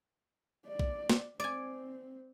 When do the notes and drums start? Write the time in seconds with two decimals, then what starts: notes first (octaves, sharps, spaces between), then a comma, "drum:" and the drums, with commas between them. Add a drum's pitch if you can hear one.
0.67 D5
0.79 drum: kick
1.10 drum: snare
1.40 C4 D5 G#5